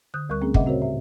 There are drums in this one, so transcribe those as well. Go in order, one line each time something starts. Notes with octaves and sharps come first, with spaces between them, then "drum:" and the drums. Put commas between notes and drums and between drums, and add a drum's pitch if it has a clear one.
D3 D#6 F#6 G6
D2 G3 A#4 C#6 F#6
A3 C4 C#4 G#4
A#2 C#3 D#5 E5 F#5, drum: kick
C4 F#4 A#4 C5 C#5
A2 E5